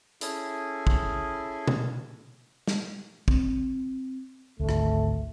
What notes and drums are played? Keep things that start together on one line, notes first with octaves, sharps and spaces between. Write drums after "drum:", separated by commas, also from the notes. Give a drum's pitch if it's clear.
C#4 E4 G#4 A4, drum: hi-hat
drum: kick
drum: tom B2
drum: snare
C4, drum: kick
G#1 D2 A3
drum: rim click